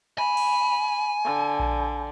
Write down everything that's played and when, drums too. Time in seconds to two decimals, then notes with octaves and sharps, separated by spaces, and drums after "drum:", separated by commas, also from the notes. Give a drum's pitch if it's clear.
0.18 G#5 B5
0.37 drum: cymbal
1.25 D3
1.59 drum: kick A#1